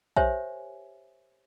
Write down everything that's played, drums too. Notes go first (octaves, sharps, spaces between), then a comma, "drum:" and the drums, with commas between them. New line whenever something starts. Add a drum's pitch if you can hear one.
G4 A#4 C5 C#5 E5 G#5, drum: kick